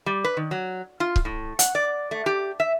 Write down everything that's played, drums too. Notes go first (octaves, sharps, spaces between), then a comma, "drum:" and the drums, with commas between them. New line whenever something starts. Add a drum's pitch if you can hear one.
G3
B4
D#3
F#3
F4
drum: kick C#1
A2
F#5, drum: hi-hat
D5
A3
G4
E5